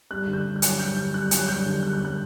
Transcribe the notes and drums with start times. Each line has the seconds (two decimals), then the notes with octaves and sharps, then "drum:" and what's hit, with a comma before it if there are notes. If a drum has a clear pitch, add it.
0.11 G2 F#6
0.27 D3
0.33 G6
0.45 G2
0.56 F#6
0.62 F#3, drum: hi-hat
0.79 G2 G6
0.97 D3 G6
1.14 G2 F#6
1.31 F#3 F#6, drum: hi-hat
1.48 G2 G6
1.66 D3
1.83 G2 F#6
1.93 G6
2.00 F#3 F#6